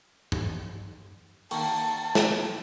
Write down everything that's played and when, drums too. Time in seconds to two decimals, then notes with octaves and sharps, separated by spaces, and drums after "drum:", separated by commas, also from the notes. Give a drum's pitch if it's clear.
0.32 drum: tom G2
1.51 D#3 A#3 G5 A5 A#5 C#6, drum: open hi-hat
2.15 drum: snare